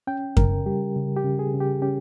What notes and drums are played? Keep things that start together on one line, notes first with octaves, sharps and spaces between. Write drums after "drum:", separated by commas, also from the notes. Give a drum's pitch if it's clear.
C#4 G5
C#3 A#4, drum: kick F#2
G3 G4
C#3
G4
C#3
G#4
C#3
G4
C#4 G4